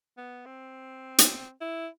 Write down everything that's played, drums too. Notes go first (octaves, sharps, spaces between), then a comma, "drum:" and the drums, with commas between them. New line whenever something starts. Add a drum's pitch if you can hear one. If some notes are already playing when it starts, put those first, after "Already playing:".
B3
C4
drum: hi-hat
E4